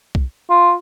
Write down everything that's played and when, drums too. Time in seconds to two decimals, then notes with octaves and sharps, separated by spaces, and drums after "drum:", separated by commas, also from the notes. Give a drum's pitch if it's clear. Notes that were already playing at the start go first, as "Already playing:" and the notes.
0.15 drum: kick
0.50 F4